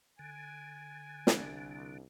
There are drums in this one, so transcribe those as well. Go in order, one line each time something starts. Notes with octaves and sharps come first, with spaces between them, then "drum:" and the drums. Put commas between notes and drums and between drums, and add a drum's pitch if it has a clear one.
D3 G#5
C2 D4, drum: snare